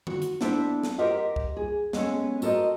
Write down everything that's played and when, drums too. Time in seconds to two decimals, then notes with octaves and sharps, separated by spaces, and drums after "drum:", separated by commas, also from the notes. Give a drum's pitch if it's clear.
0.07 F#4, drum: tom D3
0.22 drum: hi-hat
0.41 B3 D4 E4 A4 C5 E5, drum: snare
0.83 drum: snare
0.98 G4 A#4 C5 D#5 E5 F#5
1.36 drum: kick C2
1.57 G#4
1.93 G#3 B3 C#4 A4, drum: snare
2.42 F#4 A4 A#4 C5 D#5, drum: tambourine